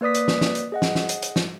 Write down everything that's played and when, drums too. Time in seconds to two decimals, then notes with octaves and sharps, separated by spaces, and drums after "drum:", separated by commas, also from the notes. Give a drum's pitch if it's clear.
0.01 A#3 B4 D5 D#6 B6
0.14 drum: hi-hat
0.28 drum: snare
0.41 drum: snare
0.55 drum: hi-hat
0.72 G#4 D#5 F#5
0.82 drum: snare
0.95 drum: snare
1.09 drum: hi-hat
1.22 drum: hi-hat
1.36 drum: snare